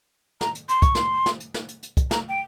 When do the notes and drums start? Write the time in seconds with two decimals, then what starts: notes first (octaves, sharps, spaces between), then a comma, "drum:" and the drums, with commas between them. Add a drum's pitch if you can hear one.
0.41 A#5, drum: snare
0.55 drum: hi-hat
0.69 C6, drum: hi-hat
0.82 C#6, drum: kick, hi-hat
0.95 C6, drum: snare
1.26 drum: snare
1.40 drum: hi-hat
1.54 drum: snare
1.69 drum: hi-hat
1.83 drum: hi-hat
1.97 drum: kick, hi-hat
2.11 A#5, drum: snare
2.29 G5